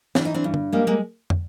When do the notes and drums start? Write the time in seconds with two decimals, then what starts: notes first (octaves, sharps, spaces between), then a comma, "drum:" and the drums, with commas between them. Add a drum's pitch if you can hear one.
0.15 E3 D4, drum: snare
0.25 D#4
0.34 C4 D4
0.44 G2
0.54 drum: tom
0.72 G3 G#3 A#3
0.87 G#3 A#3
1.30 drum: tom